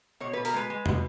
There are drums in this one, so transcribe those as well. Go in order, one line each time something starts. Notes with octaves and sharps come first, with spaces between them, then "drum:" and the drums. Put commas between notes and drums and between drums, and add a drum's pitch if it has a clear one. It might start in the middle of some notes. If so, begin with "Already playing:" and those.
B2 C#5
B2 B4
A#4, drum: open hi-hat
G#3 B4
G#3
B2, drum: tom